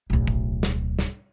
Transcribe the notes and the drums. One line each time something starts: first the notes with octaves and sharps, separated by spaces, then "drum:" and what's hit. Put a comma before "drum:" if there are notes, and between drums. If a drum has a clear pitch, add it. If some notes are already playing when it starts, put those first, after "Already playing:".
D1 B1
drum: kick
drum: snare
drum: snare